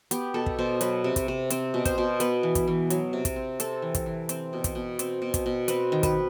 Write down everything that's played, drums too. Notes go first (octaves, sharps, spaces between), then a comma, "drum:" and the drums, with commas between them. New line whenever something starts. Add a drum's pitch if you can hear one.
B3 G4, drum: hi-hat
B2 A4
drum: kick
B2 C5
F#3 B4, drum: hi-hat
C3
drum: kick, hi-hat
C3
C4, drum: hi-hat
B2
C5, drum: kick, hi-hat
B2
B3 B4, drum: hi-hat
E3
drum: kick, hi-hat
E3
F#3, drum: hi-hat
C3
drum: kick, hi-hat
C4
C4 A4, drum: hi-hat
E3
drum: kick, hi-hat
E3
C4, drum: hi-hat
B2
drum: kick, hi-hat
B2
C4, drum: hi-hat
B2
drum: kick, hi-hat
B2
C4 B4, drum: hi-hat
D#3
B4, drum: kick, hi-hat